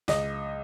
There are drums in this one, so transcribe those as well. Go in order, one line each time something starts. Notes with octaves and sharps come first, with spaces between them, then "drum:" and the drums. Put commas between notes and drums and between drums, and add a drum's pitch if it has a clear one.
C#2 D#5, drum: snare